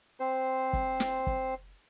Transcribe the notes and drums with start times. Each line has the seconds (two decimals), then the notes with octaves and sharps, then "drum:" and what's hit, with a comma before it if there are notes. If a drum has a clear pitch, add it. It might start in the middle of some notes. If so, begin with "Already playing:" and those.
0.20 C4 C5
0.73 drum: kick
1.00 drum: snare
1.27 drum: kick